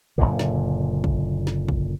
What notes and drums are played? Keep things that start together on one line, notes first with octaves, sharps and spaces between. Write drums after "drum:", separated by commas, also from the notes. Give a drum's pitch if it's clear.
F#1 B1 A#2 D3
drum: snare
drum: kick
drum: snare
drum: kick